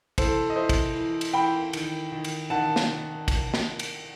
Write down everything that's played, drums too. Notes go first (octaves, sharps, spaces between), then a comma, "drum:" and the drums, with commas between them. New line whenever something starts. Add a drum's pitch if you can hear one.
E3 A4 C5, drum: kick, cymbal
D#5
E3 C5 E5
drum: kick, cymbal
E3
drum: cymbal
E3 G5 B5
D#3, drum: cymbal
D#3
drum: cymbal
D#3 F#5 A5
drum: snare
drum: kick, cymbal
drum: snare
drum: cymbal